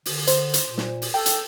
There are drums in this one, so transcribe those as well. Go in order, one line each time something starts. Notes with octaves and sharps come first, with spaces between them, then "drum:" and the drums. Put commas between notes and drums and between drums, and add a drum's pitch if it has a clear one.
D3, drum: open hi-hat
C5, drum: hi-hat
drum: hi-hat
A#2
drum: snare
drum: open hi-hat
A4 G5
drum: hi-hat